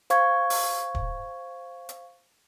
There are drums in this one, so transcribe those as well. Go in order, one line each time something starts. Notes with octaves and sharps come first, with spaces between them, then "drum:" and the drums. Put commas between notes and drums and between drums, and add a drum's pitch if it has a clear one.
C5 F5 C#6 G#6, drum: hi-hat
drum: open hi-hat
drum: kick
drum: hi-hat